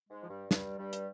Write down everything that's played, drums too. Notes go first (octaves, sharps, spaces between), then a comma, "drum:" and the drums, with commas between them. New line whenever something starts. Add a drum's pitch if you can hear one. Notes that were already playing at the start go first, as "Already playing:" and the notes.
G#2 G#3
F3
G2 G3
G2 G3, drum: snare
G2 G3
drum: hi-hat